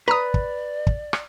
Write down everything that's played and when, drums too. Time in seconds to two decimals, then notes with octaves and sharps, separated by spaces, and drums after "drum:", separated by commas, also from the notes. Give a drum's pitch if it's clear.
0.08 B4 D5 A#5 D#6
0.34 drum: kick
0.87 drum: kick
1.13 drum: rim click